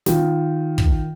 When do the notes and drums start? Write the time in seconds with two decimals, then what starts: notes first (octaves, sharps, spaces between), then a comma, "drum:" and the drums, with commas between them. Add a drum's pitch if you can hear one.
0.06 D#3 F4, drum: snare
0.78 drum: kick